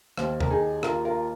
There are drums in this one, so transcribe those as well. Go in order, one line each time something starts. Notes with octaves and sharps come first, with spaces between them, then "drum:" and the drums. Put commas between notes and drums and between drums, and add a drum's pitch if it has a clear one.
D#2 D#3 C5 F5, drum: rim click
A#4, drum: tom E2
D#4 G#4
F4 A#4, drum: rim click
F4 A#4